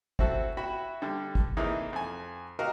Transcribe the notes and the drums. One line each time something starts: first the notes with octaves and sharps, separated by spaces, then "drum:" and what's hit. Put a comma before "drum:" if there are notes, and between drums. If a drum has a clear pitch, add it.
C4 E4 F#4 A4, drum: kick
E4 F#4 E5 G5 B5
D3 G3 A4
drum: kick
A2 C3 E3 A#3 D#4 G#4
F2 G#5
F#4 G4 A#4 D#5 F5